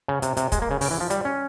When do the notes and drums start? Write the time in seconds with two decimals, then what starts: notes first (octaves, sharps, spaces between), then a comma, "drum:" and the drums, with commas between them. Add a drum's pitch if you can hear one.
0.08 C#3
0.22 C3, drum: hi-hat
0.37 C3, drum: hi-hat
0.52 G#3, drum: kick, hi-hat
0.62 A#3
0.71 C#3
0.81 C#3, drum: open hi-hat
0.91 E3
1.00 F3
1.10 G3, drum: hi-hat
1.25 C#4